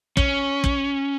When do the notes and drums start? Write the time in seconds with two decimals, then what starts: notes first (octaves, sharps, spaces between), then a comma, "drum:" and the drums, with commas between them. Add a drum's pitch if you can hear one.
0.17 C#4, drum: kick
0.64 drum: kick